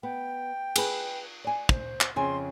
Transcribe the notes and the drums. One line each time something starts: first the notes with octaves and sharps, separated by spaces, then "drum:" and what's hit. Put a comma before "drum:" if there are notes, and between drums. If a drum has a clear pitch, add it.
B3 G5
G#4 B4, drum: cymbal
D5 G#5
C5, drum: kick
drum: clap
F2 C#3 G#5 C6